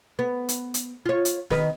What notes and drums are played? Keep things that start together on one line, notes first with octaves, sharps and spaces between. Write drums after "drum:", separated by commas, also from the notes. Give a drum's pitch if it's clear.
B3
drum: hi-hat
drum: hi-hat
F4 C#5
drum: hi-hat
D#3 B4, drum: snare